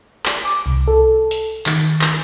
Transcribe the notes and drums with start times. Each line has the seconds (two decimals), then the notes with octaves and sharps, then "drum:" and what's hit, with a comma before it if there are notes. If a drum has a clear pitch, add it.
0.26 drum: clap
0.45 D6
0.66 C2
0.88 A4
1.31 drum: hi-hat
1.66 D#3, drum: clap
2.01 drum: clap